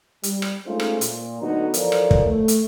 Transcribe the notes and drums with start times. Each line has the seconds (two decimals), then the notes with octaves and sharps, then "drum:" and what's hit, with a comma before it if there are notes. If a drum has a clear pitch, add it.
0.23 G3, drum: hi-hat
0.42 drum: rim click
0.66 G#3 A3 C#4 D#4 F4 C5
0.80 drum: rim click
1.01 A#2, drum: hi-hat
1.42 D3 F#3 A3 B3 D#4 F#4
1.74 E3 F3 A4 A#4 C#5 D5, drum: hi-hat
1.92 drum: rim click
2.11 drum: kick
2.26 A3
2.48 drum: hi-hat